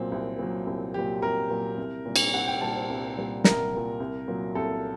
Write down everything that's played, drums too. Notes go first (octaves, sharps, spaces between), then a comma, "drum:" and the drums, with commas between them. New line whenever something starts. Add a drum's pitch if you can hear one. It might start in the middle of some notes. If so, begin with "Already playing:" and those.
Already playing: C2 A#2 F#3 C4
C2
A#2 F#3
C2
A#2 F#3 G4
C2 A#4
A#2 F#3
C2
A#2 G3
drum: cymbal
C2 F#5
G5
A#2 G3 A5
C5
C2
A#2 G3
C2 A#4, drum: snare
A#2 G3
C2
A#2 F#3
C2 A4